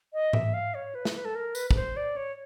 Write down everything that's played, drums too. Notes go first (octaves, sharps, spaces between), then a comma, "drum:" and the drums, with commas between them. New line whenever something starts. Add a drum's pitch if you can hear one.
D#5
E5, drum: tom G#2
F5
C#5
B4
drum: snare
B4
A4
A#4
B4, drum: tambourine
B4, drum: kick
C5
D5
C#5